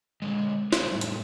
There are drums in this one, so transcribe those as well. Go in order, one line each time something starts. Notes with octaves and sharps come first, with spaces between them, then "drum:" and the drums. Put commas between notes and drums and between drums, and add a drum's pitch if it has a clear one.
D3 G#3
F4 G#4 A4 C5 D5 F5, drum: snare
A2 G3
drum: hi-hat